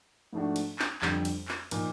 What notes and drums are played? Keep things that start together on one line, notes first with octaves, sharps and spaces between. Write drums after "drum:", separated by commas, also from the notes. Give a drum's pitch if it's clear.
G#2 F3 A3 D4 F#4
drum: cymbal
drum: clap
F2 D3 G3, drum: clap
drum: cymbal
drum: clap
A#2 F3 A#3 D#4, drum: cymbal